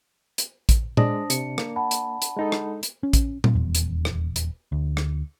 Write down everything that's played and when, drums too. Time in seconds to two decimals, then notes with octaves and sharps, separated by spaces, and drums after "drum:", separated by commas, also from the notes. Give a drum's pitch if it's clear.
0.38 drum: hi-hat
0.69 drum: kick A1, hi-hat
0.97 G#3 D4 C5 D#6 A#6, drum: tom A#2
1.30 C3 C#7, drum: hi-hat
1.58 A#3, drum: rim click
1.76 F#5 A5 B5
1.91 drum: hi-hat
2.22 drum: hi-hat
2.37 G#3 D#4 A4
2.52 drum: rim click
2.83 drum: hi-hat
3.03 C#4
3.13 drum: kick A1, hi-hat
3.44 drum: tom A#2
3.55 D#1 E2
3.75 drum: hi-hat
4.05 drum: rim click
4.36 drum: hi-hat
4.72 D2
4.97 drum: rim click